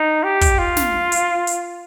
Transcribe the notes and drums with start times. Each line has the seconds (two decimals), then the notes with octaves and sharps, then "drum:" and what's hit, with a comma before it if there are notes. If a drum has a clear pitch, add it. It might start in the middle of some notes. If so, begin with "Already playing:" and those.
Already playing: D#4
0.23 G4
0.41 drum: kick, hi-hat
0.58 F4
0.77 drum: snare
1.12 drum: hi-hat
1.47 drum: hi-hat